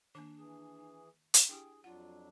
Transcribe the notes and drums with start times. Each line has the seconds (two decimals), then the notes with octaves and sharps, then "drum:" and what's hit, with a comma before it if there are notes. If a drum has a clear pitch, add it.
0.15 D#3 A#3 D4
0.38 E3 G#4
1.34 drum: hi-hat
1.49 D4 E4 G4 G#4 G5
1.84 F2 F#3 D4 F4 F#5